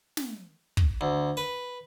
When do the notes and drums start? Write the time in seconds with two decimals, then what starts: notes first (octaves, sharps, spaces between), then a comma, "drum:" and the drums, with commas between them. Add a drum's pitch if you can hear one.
0.17 drum: snare
0.77 drum: kick
1.01 D2
1.37 B4